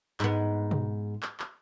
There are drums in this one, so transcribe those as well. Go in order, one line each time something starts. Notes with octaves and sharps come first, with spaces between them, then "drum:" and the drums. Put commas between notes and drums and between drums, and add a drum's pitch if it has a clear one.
G#2 B3, drum: clap
drum: tom B2
drum: clap
drum: clap